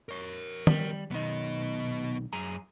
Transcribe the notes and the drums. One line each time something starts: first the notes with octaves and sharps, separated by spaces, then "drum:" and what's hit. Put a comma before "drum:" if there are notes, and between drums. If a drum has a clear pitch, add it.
A#4 C#5
G3, drum: tom
B1 D#3 B3 D#5
F#2 G#4 A#5